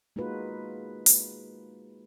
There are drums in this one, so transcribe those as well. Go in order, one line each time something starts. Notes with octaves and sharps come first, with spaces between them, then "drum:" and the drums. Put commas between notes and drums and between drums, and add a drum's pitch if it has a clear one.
G#3 A#3 D#4 F4 F#4 B4
drum: open hi-hat